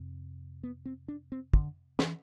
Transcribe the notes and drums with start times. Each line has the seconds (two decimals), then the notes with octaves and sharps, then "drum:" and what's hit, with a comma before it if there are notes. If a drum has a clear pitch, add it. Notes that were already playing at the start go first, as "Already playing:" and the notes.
Already playing: F2 C3
0.63 B3
0.85 C4
1.08 D4
1.32 C4
1.53 D3, drum: kick
1.99 E3, drum: snare